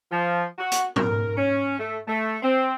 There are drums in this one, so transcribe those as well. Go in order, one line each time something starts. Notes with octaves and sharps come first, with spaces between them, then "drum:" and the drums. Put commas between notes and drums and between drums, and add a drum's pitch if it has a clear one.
F3
F#4
drum: hi-hat
A#4, drum: tom
C#4
A3
A3
C4